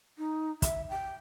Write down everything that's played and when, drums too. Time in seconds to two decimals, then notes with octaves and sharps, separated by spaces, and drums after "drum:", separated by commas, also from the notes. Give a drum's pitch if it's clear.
0.18 D#4
0.62 E5, drum: kick, hi-hat
0.89 G5